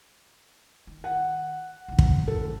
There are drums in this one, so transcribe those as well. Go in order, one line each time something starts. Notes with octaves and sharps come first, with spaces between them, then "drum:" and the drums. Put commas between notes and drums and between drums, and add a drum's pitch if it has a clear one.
D#3
F#5
B1 D#3
drum: kick
G#1 F#2 A4